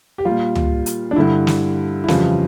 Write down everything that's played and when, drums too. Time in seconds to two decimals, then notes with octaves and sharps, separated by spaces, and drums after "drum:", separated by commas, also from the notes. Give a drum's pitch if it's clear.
0.18 G4
0.25 A#2 G3 F4
0.55 drum: tom C#2
0.86 drum: hi-hat
1.11 D4
1.16 G2 D3 G3 E4
1.47 drum: snare
2.04 E4
2.08 F2 C#3 E3 G3 F4, drum: snare